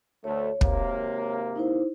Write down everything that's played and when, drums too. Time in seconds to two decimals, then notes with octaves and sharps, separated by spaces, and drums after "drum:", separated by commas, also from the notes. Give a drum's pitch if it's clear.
0.24 D2 A3 C#5
0.61 G#1 C3 A#3, drum: kick
1.56 D#4 E4 C5